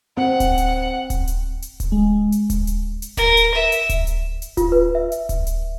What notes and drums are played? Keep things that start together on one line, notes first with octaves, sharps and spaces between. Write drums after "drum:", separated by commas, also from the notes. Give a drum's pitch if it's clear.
C4 F#5
drum: kick D1, hi-hat
drum: hi-hat
drum: kick D1, hi-hat
drum: hi-hat
drum: hi-hat
drum: kick D1, hi-hat
G#3
drum: hi-hat
drum: kick D1, hi-hat
drum: hi-hat
drum: hi-hat
A#4, drum: kick D1, hi-hat
drum: hi-hat
E5
drum: hi-hat
drum: kick D1, hi-hat
drum: hi-hat
drum: hi-hat
F4, drum: kick D1, hi-hat
B4
E5
drum: hi-hat
drum: kick D1, hi-hat
drum: hi-hat